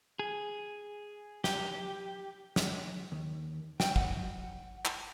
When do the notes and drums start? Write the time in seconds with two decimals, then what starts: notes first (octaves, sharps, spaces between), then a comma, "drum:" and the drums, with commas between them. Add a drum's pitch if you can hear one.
0.19 G#4
1.44 G4, drum: snare
2.56 drum: snare
3.12 D#2
3.80 G5, drum: snare
3.96 F#5, drum: kick
4.85 drum: clap